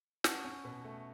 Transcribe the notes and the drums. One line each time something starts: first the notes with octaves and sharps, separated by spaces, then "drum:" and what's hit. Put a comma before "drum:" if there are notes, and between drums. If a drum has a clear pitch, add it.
C#4 F#5 A5, drum: snare
C#4
B2
A3